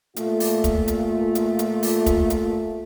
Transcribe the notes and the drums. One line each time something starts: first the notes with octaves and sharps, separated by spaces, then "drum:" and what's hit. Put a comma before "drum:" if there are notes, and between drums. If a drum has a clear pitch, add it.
A#2 A3 F4, drum: hi-hat
drum: open hi-hat
drum: kick, hi-hat
drum: hi-hat
drum: hi-hat
drum: hi-hat
drum: open hi-hat
drum: kick, hi-hat
drum: hi-hat